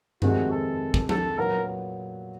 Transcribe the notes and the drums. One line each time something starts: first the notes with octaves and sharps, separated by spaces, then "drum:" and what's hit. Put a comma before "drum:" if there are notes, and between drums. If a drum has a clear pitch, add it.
F2 C3 D#3 G#3 C4 F#4, drum: tom G2
A4
drum: kick
A4, drum: tom F3
A#2 F#3 B3 A#4